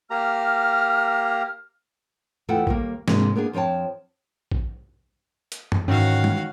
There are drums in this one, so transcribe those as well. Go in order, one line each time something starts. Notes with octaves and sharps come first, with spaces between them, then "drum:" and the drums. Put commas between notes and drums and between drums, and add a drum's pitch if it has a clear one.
A#3 G4 A#5 F6
E2 A3 E4 F4 F#5 G5
D#2 G3 A#3, drum: kick A#1
G#2 C3 G#3 A#3 D4, drum: snare
A#3 B3 D4 G#4
F2 F3 C#5 G5 A5
drum: kick A#1
drum: hi-hat
drum: tom F#2
G#2 D#3 E3 C#4 F#4 C#5 F5
drum: tom G3